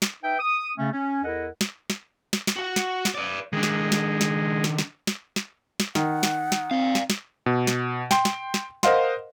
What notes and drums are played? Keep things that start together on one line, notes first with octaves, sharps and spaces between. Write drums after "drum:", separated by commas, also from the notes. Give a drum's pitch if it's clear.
drum: snare
D#4 B4 E5 G5
D#6
C#3 A3 C#4
C#4
E2 E4 A4 A#4 D#5 F#5
drum: snare
drum: snare
drum: snare
drum: snare
F#4 F#5
drum: snare
drum: snare
B4 D5
D#3 G#3 D4
drum: snare
drum: snare
drum: snare
drum: snare
drum: snare
drum: snare
drum: snare
drum: snare
D#3 F#5, drum: snare
drum: snare
drum: snare
C4 D5 F5
drum: snare
drum: snare
B2
drum: snare
G5 C6, drum: snare
drum: snare
drum: snare
A#4 C5 D#5 F5 F#5 C6, drum: snare